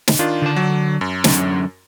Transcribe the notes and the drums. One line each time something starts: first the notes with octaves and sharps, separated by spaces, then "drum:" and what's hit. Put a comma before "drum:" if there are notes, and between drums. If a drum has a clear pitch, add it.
drum: snare
D#3 D4 F4
D3 A5
F#3
F#2
D3 F#3 C#4, drum: snare